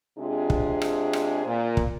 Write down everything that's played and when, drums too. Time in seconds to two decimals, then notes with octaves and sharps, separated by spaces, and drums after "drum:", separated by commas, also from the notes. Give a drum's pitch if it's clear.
0.18 C3 G#3 C4 D4 F4 G#4
0.50 drum: kick
0.82 drum: rim click
1.13 drum: rim click
1.46 A#2
1.77 drum: kick